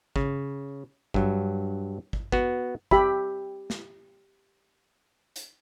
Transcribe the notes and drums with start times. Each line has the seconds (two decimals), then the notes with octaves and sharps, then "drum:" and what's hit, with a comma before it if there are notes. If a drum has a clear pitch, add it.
0.16 C#3, drum: kick
1.14 G2 F#3, drum: kick
2.13 drum: kick
2.32 B3 F#4, drum: kick
2.91 G4 E5 B5, drum: kick
3.70 drum: snare
5.36 drum: hi-hat